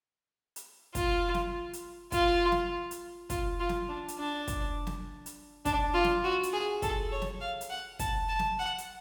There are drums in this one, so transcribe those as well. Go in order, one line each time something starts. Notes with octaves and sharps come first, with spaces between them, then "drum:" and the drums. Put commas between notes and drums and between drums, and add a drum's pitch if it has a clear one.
drum: hi-hat
F4, drum: kick, hi-hat
drum: snare
drum: hi-hat
F4, drum: kick, hi-hat
drum: snare
drum: hi-hat
F4, drum: kick, hi-hat
F4
drum: snare
D4
drum: hi-hat
D4
drum: kick, hi-hat
drum: snare
drum: hi-hat
D4, drum: kick, hi-hat
F4
drum: snare
F#4
drum: hi-hat
G#4
A4, drum: kick, hi-hat
C#5
drum: snare
F5
drum: hi-hat
F#5
A5, drum: kick, hi-hat
A5
drum: snare
F#5
drum: hi-hat